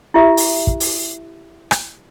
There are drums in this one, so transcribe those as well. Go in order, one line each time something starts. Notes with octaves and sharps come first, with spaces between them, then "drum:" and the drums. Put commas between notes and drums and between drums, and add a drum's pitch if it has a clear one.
E4 G4 E5
drum: open hi-hat
drum: kick
drum: open hi-hat
drum: rim click